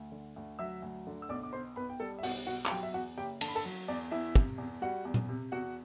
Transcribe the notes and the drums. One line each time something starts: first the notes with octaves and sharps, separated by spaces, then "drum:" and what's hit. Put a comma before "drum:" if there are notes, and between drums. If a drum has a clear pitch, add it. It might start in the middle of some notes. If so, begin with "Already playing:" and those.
Already playing: D2
D3
D2
F#3 E5 E6
D2
D3
E6
B1 D5 D6
D6
B2 C5 C6
B1 B4 B5
G5
G3 A4 A5
E5
B1 F#4 F#5, drum: open hi-hat
B2 F#4 F#5
A5, drum: clap
F#3 G4 G5
E5
E2 F#4 F#5
F#1 G4 G5
D3 A5, drum: cymbal
B5
A4 A5
F#3
E2 D5
E2 E4 E5
C3, drum: kick
E2
G3 F#4 F#5
E2
drum: tom A#2
C3
E2 F#4 F#5